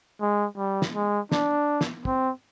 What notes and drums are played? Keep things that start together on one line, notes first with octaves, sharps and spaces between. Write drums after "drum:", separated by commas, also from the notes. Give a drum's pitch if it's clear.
G#3
G3
drum: snare
G#3
D4, drum: snare
drum: snare
C4, drum: kick